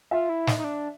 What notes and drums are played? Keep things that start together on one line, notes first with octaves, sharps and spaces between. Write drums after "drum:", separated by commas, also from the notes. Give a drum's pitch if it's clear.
F4 E5
E4
D#4, drum: snare
D#4
D4